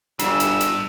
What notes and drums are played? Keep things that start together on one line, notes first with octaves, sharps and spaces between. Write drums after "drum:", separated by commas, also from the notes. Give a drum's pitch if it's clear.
G1 G2 D4 E6, drum: hi-hat
drum: hi-hat
drum: hi-hat